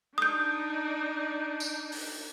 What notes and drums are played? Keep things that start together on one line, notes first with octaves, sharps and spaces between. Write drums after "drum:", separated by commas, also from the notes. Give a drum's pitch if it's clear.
D4 D#4 D#6 G6
drum: tambourine
drum: open hi-hat